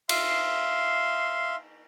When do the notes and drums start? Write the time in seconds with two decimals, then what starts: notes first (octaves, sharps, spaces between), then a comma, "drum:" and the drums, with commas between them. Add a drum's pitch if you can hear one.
0.09 E5 F5 C6, drum: cymbal